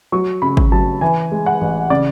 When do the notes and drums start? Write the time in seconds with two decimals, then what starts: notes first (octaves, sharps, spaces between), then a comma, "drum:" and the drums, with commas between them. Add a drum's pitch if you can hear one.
0.12 F#3 C#6
0.42 C#3 B5
0.57 drum: kick
0.72 F#3 A5
1.01 E3 G#5
1.32 G#3
1.46 F#5
1.61 A1
1.90 C#3 D5